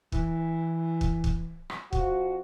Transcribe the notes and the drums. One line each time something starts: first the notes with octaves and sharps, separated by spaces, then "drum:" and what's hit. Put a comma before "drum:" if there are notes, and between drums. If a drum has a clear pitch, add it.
E3, drum: kick
drum: kick
drum: kick
drum: rim click
F2 F3 F#4, drum: kick